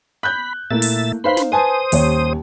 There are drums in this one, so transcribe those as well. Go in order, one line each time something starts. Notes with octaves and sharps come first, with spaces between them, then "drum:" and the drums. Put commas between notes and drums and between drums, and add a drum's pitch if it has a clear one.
B5 F#6 G6
A#2 A3 A#3 E4 E5 A6
drum: open hi-hat
D#4 B4 C5 F5 B5 C6
drum: snare
B4 C5 G#5 A5 D#6
D#1 D#2 C#5, drum: open hi-hat